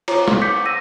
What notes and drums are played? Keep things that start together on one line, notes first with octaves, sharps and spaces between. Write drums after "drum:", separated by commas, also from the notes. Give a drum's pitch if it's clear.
F4 C#5 A#5 D6, drum: cymbal
drum: snare
D6 G6 B6 C#7
E6 A#6 D#7